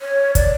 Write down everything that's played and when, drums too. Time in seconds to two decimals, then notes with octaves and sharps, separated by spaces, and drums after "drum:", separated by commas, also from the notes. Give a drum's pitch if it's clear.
0.02 C#5
0.35 D5, drum: kick, hi-hat